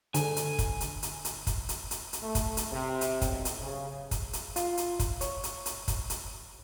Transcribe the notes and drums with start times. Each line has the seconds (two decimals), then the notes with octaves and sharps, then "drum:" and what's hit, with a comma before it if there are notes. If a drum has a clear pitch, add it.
0.14 D3 G#5, drum: hi-hat
0.36 drum: hi-hat
0.58 drum: kick, hi-hat
0.80 drum: hi-hat
1.03 drum: hi-hat
1.25 drum: hi-hat
1.47 drum: kick, hi-hat
1.69 drum: hi-hat
1.91 drum: hi-hat
2.13 drum: hi-hat
2.23 A3
2.35 drum: kick, hi-hat
2.57 drum: hi-hat
2.72 C3
3.01 drum: hi-hat
3.21 B1, drum: kick, hi-hat
3.45 drum: hi-hat
3.61 C#3
4.11 drum: kick, hi-hat
4.33 drum: hi-hat
4.56 F4, drum: hi-hat
4.77 drum: hi-hat
4.99 drum: kick, hi-hat
5.21 C#5, drum: hi-hat
5.44 drum: hi-hat
5.66 drum: hi-hat
5.88 drum: kick, hi-hat
6.10 drum: hi-hat